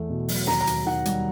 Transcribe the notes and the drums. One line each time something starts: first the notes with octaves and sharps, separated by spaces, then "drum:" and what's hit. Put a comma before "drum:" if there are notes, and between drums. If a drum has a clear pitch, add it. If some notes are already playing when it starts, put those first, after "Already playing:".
Already playing: E2 A3
B2
F#3, drum: open hi-hat
D#2 A#5, drum: snare
A#5
D#2, drum: hi-hat
D#3 F#5
G3, drum: hi-hat